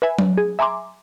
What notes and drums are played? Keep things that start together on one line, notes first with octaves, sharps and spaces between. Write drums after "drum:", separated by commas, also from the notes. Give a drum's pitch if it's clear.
B4 E5 G#5
drum: tom F#3
G#4
E5 G#5 A#5 C6 D6